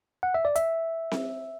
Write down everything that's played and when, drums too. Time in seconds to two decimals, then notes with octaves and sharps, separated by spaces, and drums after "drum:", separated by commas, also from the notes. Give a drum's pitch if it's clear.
0.23 F#5
0.34 E5
0.45 D5
0.56 E5, drum: hi-hat
1.11 drum: snare C4